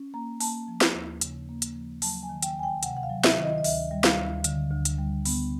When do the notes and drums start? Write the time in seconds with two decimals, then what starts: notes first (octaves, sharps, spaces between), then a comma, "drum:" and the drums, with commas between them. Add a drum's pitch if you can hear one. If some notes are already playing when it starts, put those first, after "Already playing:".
Already playing: C#4
0.14 A#3 A#5
0.40 A#3 A5, drum: open hi-hat
0.68 F3
0.81 drum: snare
0.94 D#2
1.21 C#3, drum: hi-hat
1.49 A#3
1.62 drum: hi-hat
1.75 F3
2.02 F#3 A5, drum: open hi-hat
2.23 G#5
2.29 D#3
2.42 G5, drum: hi-hat
2.56 D2 G#5
2.63 G5
2.83 C3 F#5, drum: hi-hat
2.97 F#5
3.03 F5
3.10 F#3
3.24 E5, drum: snare
3.37 D#3
3.43 D#5
3.58 D#5
3.64 D2 E5, drum: open hi-hat
3.91 G3
4.04 F5, drum: snare
4.18 D2
4.44 D3, drum: hi-hat
4.71 D2
4.85 drum: hi-hat
4.98 G3
5.25 B3, drum: open hi-hat